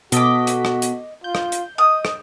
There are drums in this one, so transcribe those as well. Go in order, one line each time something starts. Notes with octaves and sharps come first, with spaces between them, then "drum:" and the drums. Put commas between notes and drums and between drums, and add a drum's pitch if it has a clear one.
B2 F#4 A4 D#5 D6 B6, drum: hi-hat
drum: hi-hat
drum: rim click
drum: hi-hat
F4 G6
drum: rim click
drum: hi-hat
D#5 D#6
drum: rim click